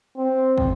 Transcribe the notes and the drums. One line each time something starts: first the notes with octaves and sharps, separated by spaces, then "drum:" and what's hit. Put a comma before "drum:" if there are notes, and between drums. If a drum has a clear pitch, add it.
C4
drum: kick